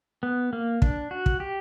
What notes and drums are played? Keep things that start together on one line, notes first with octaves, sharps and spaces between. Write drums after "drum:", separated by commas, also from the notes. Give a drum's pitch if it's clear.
B3
A#3
D4, drum: kick
F#4
drum: kick
G4